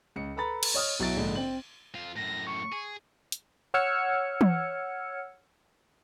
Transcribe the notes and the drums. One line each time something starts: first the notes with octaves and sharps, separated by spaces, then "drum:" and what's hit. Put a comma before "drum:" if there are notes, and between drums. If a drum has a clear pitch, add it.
C#2 C#7
A4 B4 A#5 B5 A6
drum: cymbal
C#5 D#5 D#6 F6
B1 F#3 E4 A6 D7
A#1 G#2 D3
C4 F#7
F2 F4
F#2 A2 A#6
C#6
G#4
drum: hi-hat
C#5 F#5 E6 F6 G#6 C#7
drum: tom